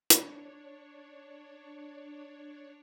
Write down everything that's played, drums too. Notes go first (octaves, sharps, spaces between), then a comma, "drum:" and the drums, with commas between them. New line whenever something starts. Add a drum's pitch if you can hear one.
D4 C#5, drum: hi-hat